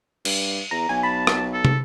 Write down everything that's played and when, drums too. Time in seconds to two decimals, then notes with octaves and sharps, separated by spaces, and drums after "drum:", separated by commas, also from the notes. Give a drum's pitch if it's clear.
0.25 G2, drum: cymbal
0.71 E2 A#5
0.89 B1 G#5
1.03 A5 B5
1.27 drum: rim click
1.53 A4
1.65 drum: tom